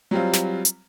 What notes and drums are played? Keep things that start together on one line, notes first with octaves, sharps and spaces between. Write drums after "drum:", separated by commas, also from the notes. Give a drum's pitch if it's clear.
F#3 G3 C4 F4
drum: snare
drum: hi-hat